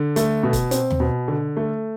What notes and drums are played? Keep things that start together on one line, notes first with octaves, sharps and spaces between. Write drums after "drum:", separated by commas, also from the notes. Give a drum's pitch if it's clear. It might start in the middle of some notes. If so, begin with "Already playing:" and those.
Already playing: D3
A3, drum: hi-hat
B2
drum: kick, hi-hat
C4, drum: hi-hat
drum: tom D#2
B2
D3
A3